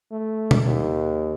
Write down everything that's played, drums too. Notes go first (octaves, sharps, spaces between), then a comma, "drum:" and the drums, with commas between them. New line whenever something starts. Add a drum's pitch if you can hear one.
A3
drum: tom B2
D#2